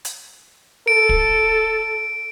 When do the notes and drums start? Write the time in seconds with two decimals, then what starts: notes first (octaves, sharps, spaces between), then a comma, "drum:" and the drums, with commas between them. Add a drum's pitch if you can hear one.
0.05 drum: hi-hat
0.88 A4 D7
1.09 drum: kick